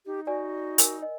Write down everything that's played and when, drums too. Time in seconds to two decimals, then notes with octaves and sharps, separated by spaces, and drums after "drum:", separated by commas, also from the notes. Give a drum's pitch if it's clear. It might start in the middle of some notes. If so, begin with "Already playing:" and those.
0.06 D#4 G4
0.27 F#4 D5 G#5
0.78 A#4 G#5, drum: hi-hat
1.02 D#5